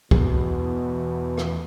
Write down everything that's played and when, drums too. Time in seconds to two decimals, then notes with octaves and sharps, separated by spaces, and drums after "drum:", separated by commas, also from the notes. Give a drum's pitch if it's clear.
0.11 E2 B2, drum: kick
1.37 drum: rim click